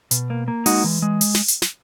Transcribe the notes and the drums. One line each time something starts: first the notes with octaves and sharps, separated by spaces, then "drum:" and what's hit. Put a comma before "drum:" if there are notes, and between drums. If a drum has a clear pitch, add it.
B2, drum: hi-hat
A#3
A#3
G#3 D#4 F#4, drum: open hi-hat
E3
G#3
drum: open hi-hat
drum: snare
drum: hi-hat
drum: snare